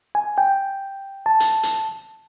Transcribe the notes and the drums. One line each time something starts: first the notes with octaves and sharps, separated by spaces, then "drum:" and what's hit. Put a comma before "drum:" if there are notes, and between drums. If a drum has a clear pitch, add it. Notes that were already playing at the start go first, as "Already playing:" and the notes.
G#5
G5
A5
drum: hi-hat
drum: hi-hat